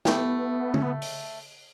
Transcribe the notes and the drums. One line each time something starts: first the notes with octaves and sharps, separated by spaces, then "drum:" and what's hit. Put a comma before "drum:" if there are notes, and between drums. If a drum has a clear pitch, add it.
A3 B3 E4 G4, drum: snare
C#4, drum: tom
B3
drum: open hi-hat